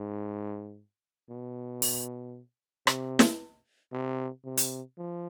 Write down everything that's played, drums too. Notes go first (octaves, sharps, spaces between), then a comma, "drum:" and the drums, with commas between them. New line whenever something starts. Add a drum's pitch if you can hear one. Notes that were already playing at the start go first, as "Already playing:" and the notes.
Already playing: G#2
B2
drum: open hi-hat
C3, drum: rim click
drum: snare
C3
C3
drum: hi-hat
F3